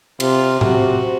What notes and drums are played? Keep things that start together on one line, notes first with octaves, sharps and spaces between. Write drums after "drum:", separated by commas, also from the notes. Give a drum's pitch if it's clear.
C3 F4, drum: cymbal
C3 F#4, drum: tom A2